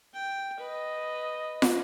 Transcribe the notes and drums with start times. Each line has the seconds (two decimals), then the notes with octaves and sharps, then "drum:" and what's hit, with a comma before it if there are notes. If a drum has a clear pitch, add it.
0.14 G5
0.59 B4 D#5
1.62 drum: snare